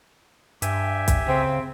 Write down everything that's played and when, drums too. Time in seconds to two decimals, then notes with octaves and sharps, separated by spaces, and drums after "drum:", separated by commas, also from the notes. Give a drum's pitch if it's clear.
0.62 G2 G4 E5 G#5, drum: hi-hat
1.08 drum: kick, hi-hat
1.28 C#3 C4